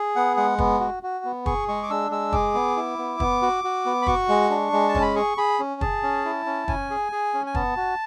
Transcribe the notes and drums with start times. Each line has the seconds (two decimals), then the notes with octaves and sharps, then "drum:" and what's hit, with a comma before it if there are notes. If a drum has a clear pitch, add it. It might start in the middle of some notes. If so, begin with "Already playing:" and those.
Already playing: G#4
0.16 B3 F#5
0.37 G#3 F#5
0.58 B3, drum: kick
0.80 F#4
1.03 F#4
1.25 B3
1.46 G#4 C#6, drum: kick
1.68 G#3 C#6
1.83 D6
1.90 D4 E6
2.11 G#3 E6
2.32 G#4 D6, drum: kick
2.54 B3
2.77 E4
2.98 B3
3.20 B3, drum: kick
3.42 F#4
3.64 F#4
3.86 B3
4.02 B5
4.07 F#4 C#6, drum: kick
4.29 G#3
4.50 D4
4.73 G#3
4.89 A5
4.95 C#4, drum: kick
5.02 B5
5.15 G#4 C#6
5.38 G#4 B5
5.59 C#4
5.81 G#4 A5, drum: kick
6.03 C#4
6.25 E4
6.46 C#4
6.68 C#4 G#5, drum: kick
6.90 G#4
7.12 G#4
7.34 C#4
7.46 G#5
7.55 B3 A5, drum: kick
7.77 F#4